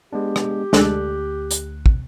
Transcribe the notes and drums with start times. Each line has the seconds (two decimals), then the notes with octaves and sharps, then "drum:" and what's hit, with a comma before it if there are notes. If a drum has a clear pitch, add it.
0.13 G#3 B3 D4 G4
0.36 drum: rim click
0.73 D2 G#3 D4 A4 F#6, drum: snare
1.51 drum: hi-hat
1.86 drum: kick